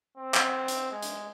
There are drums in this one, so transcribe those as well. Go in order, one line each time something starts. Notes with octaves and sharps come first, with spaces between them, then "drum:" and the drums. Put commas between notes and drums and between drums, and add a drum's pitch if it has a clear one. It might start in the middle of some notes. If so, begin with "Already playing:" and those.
C4
drum: clap
drum: hi-hat
G#3
drum: hi-hat